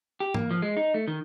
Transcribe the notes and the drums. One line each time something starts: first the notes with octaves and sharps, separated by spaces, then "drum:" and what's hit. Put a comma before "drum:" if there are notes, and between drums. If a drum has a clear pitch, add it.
G4
A#3, drum: tom
F3
G#3
D#4
A3
D#3